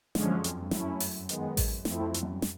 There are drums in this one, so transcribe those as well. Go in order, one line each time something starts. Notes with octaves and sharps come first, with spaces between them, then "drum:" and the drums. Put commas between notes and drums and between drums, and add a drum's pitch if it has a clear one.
F#2 D3 F3 G#3 C#4, drum: snare
F#2
F2, drum: hi-hat
G2
F#2 A3 C#4 E4, drum: snare
drum: open hi-hat
D#3 G#3 B3, drum: hi-hat
drum: kick A1, open hi-hat
F2 F3 A3 C4 E4, drum: snare
F2
F2, drum: hi-hat
F#2
G2
drum: snare